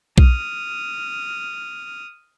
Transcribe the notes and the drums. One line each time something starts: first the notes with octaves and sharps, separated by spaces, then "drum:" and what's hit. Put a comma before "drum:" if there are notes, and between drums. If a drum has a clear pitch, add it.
D#6 F6, drum: kick B1